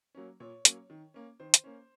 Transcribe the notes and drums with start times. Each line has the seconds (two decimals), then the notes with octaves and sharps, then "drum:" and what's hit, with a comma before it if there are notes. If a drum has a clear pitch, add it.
0.15 F#3 A#3 C#4
0.40 A#2 C#5
0.65 F#3 A#3 C#4, drum: hi-hat
0.90 D#3
1.14 A#3 C#4
1.40 D#3 C5
1.54 drum: hi-hat
1.64 A#3 C#4